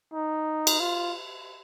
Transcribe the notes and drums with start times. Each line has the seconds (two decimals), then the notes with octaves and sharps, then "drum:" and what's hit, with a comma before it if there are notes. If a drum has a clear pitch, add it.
0.14 D#4
0.67 drum: cymbal
0.80 F4